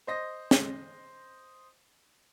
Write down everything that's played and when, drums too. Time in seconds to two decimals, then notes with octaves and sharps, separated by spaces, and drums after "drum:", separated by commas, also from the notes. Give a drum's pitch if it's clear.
0.07 C5 D#5 A#6
0.51 drum: snare